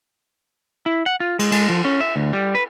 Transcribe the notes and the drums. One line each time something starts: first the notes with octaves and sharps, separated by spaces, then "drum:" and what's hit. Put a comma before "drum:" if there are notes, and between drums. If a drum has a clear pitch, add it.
E4
F#5
F4
G#3, drum: cymbal
G#3, drum: cymbal
F3
C#4
E5
D2
G3
B4